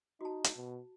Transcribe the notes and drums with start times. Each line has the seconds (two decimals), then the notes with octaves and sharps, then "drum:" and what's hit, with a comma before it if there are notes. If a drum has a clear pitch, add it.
0.21 D#4 F#4 A5
0.44 drum: hi-hat
0.56 B2